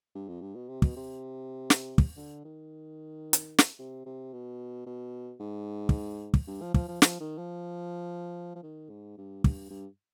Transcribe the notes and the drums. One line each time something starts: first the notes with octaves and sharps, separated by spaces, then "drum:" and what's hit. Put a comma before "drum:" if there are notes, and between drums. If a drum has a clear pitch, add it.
G2
F2
G2
B2
C3
B2, drum: kick
C3
drum: snare
drum: kick
D3
D#3
drum: hi-hat
drum: snare
C3
C3
B2
B2
G#2
drum: kick
drum: kick
G2
F3
F3, drum: kick
F3
F3, drum: snare
D#3
F3
F3
D#3
G#2
G2
G2, drum: kick
G2